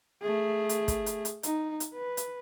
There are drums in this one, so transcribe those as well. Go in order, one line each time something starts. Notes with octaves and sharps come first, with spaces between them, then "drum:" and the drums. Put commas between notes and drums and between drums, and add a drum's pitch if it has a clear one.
A3 G#4
drum: hi-hat
drum: kick, hi-hat
drum: hi-hat
drum: hi-hat
D#4, drum: hi-hat
drum: hi-hat
B4
drum: hi-hat